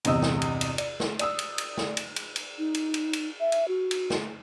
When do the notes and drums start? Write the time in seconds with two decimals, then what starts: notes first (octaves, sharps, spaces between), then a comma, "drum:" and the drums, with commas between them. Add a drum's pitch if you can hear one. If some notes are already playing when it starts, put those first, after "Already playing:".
0.05 G1 E2 C3 D#5 D#6 E6, drum: cymbal
0.22 drum: snare
0.42 drum: cymbal
0.61 drum: cymbal
0.78 D5, drum: cymbal
1.00 drum: snare
1.19 D5 D#6 E6, drum: cymbal
1.39 drum: cymbal
1.58 drum: cymbal
1.77 drum: snare
1.97 drum: cymbal
2.16 drum: cymbal
2.36 drum: cymbal
2.59 D#4
2.74 drum: cymbal
2.94 drum: cymbal
3.13 drum: cymbal
3.40 E5
3.52 drum: cymbal
3.68 F#4
3.91 drum: cymbal
4.10 drum: snare